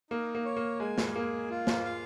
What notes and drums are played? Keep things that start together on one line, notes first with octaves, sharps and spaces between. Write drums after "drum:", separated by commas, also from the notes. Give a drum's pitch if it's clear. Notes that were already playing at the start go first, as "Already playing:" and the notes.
A#3 D#4
A#3
C#5
A#3
G#3 G#5
drum: snare
A#3 G#4
F4
drum: snare
F5